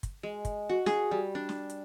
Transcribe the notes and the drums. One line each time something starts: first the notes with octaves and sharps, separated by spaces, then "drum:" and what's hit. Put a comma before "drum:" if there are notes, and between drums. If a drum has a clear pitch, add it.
drum: kick, hi-hat
G#3
drum: kick, hi-hat
F#4
G#4, drum: snare
G3
D4
drum: snare
drum: hi-hat